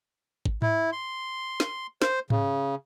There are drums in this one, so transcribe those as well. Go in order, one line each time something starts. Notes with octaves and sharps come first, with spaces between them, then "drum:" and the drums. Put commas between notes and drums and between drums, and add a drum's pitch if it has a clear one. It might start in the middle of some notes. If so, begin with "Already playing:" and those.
drum: kick
E4, drum: tom G#2
C6
drum: snare
C5, drum: snare
C#3, drum: tom G#2